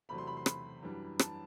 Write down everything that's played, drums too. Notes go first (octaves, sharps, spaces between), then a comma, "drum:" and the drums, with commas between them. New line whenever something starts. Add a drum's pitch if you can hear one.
E2 C3 F#3 A3 B5
C6
B5
C6
B5, drum: rim click
F#2 E3 G3 D4
A5, drum: rim click